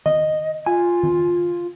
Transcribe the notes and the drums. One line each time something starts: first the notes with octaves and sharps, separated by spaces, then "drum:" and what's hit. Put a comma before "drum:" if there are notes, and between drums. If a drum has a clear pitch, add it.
D#5, drum: tom D#3
F4 G#5
drum: tom D#3